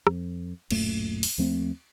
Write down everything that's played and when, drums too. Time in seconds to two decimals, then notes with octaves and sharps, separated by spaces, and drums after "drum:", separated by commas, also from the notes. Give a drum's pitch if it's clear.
0.07 F2, drum: rim click
0.71 D1 F#2 A#2 A3, drum: cymbal
1.23 drum: open hi-hat
1.38 D#2 F3 A3 C4